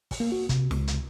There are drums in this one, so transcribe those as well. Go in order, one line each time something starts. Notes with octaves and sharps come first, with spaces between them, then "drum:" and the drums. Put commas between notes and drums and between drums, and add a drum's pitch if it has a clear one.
drum: kick, open hi-hat
A#3
F#4
C3, drum: kick, hi-hat
C#2, drum: snare
drum: hi-hat